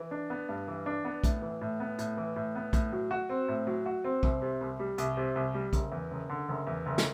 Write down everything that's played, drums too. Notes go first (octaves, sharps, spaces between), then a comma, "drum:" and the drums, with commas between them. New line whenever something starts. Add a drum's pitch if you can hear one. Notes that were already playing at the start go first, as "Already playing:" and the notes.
Already playing: E3
D4
B3
G2
E3
D4
B3
A2, drum: kick, hi-hat
E3
A2
B3
A2, drum: hi-hat
E3
A2
B3
A2, drum: kick, hi-hat
F#3
F#4
C4
A2
F#3
F#4
C4
C2, drum: kick
C3
C2
G3
C2, drum: hi-hat
C3
C2
G3
F#1, drum: kick, hi-hat
E2
F#1
D3
F#1
E2
F#1
drum: snare